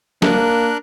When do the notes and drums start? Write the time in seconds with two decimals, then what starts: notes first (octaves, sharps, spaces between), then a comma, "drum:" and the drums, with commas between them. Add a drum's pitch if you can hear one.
0.22 A#3 D4 A#4 F#6, drum: snare